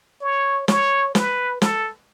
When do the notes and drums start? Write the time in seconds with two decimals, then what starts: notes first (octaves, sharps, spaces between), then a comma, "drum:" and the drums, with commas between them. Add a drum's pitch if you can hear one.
0.21 C#5
0.68 C#5, drum: snare
1.15 B4, drum: snare
1.62 A4, drum: snare